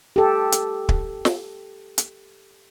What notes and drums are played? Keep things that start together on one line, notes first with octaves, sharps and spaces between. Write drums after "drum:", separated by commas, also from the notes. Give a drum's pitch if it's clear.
G4 A4
drum: hi-hat
drum: kick
drum: snare
drum: hi-hat